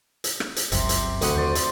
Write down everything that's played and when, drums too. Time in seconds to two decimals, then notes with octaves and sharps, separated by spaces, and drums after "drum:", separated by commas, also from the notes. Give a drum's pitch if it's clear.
0.24 drum: hi-hat
0.40 drum: rim click
0.56 drum: hi-hat
0.72 G1 C#2 F#2 C3, drum: hi-hat
0.89 drum: hi-hat
1.22 D2 D#5 F#5, drum: hi-hat
1.34 D#2 C5 D5
1.55 C6, drum: hi-hat